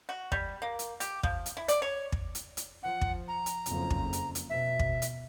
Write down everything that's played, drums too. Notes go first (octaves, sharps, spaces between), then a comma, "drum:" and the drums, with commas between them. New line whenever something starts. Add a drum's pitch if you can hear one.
F#4
G3, drum: kick
A#3
drum: hi-hat
G4, drum: hi-hat
F3, drum: kick
drum: hi-hat
E4
D5, drum: hi-hat
C#5
drum: kick
drum: hi-hat
drum: hi-hat
F3 F#5
drum: kick
A#5
drum: hi-hat
F#1 F2, drum: hi-hat
drum: kick
drum: hi-hat
drum: hi-hat
B2 E5
drum: kick
drum: hi-hat